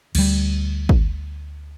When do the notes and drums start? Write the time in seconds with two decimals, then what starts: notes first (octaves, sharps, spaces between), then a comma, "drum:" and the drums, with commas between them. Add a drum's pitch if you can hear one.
0.15 D2 G3, drum: cymbal
0.89 drum: kick